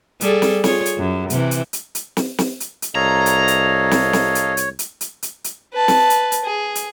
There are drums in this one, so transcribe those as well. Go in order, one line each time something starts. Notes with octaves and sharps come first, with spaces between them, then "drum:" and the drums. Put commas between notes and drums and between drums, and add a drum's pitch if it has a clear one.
G3 G#4 A4, drum: hi-hat
drum: snare
F4 G#4 C#5, drum: snare
drum: hi-hat
F#2
C3 E3, drum: hi-hat
drum: hi-hat
drum: hi-hat
drum: hi-hat
drum: snare
drum: snare
drum: hi-hat
drum: hi-hat
C2 A4 C#5 D#5 F5 A#5
drum: hi-hat
drum: hi-hat
drum: snare
drum: snare
drum: hi-hat
drum: hi-hat
drum: hi-hat
drum: hi-hat
drum: hi-hat
drum: hi-hat
B4 A5
drum: snare
drum: hi-hat
drum: hi-hat
G#4
drum: hi-hat